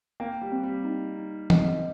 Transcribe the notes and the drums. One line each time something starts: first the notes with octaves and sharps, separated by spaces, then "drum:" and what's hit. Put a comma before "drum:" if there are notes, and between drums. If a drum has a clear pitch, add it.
A#3 G5
G3
C4
G3
D#4
D#4
D#5, drum: tom